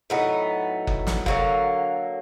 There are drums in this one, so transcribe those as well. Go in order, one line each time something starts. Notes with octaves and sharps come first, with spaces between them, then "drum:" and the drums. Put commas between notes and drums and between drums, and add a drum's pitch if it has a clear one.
A2 F#3 B3 D#4
drum: kick F#1
drum: snare
D3 F#3 A#3, drum: kick F#1